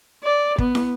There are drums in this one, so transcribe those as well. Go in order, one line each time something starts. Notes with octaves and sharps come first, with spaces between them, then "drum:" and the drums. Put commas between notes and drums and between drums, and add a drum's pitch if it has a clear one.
D5
B3, drum: kick
drum: snare